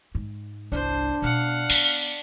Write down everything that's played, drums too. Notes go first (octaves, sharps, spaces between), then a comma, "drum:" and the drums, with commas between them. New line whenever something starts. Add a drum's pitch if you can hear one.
G#2
G1 C2 D4 C5
B2 B3 F5 F#5
B3, drum: cymbal